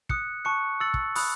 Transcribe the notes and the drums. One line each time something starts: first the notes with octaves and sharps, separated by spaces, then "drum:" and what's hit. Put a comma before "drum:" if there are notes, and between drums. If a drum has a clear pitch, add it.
D#6 F#6 C#7, drum: kick
A5 C#6 F#6 C#7
E6 A6 C#7 F#7
drum: kick
B5 D#6 F#6, drum: open hi-hat